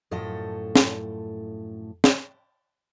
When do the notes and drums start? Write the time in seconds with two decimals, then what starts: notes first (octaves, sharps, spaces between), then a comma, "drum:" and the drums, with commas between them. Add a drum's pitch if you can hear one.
0.11 F#2 A2 F3 A4 D#5
0.76 drum: snare
2.04 drum: snare